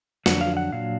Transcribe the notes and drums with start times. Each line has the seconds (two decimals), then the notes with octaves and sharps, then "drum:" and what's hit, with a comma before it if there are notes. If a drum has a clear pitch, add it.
0.26 F2 D3 F#3 D4 F#5, drum: snare
0.41 F5
0.57 F#5
0.72 A#2 F#3 D4 F5